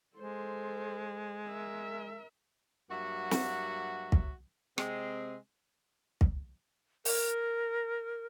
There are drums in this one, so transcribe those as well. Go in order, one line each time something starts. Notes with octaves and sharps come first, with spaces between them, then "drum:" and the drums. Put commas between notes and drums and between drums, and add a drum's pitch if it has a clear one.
G#3 A4 C5
A#4 E5
G2 F#3 A#3 F#4 E5 F#5
drum: snare
drum: kick
C3 G#3 C4, drum: rim click
drum: kick
A#4, drum: open hi-hat